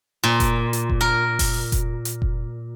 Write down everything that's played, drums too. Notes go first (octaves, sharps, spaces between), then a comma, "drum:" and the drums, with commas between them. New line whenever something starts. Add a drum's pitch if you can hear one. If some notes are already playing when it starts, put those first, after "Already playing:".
A#2
drum: kick F1, hi-hat
drum: hi-hat
drum: kick F1
A#4
drum: kick F1, open hi-hat
drum: kick F1, hi-hat
drum: hi-hat
drum: kick F1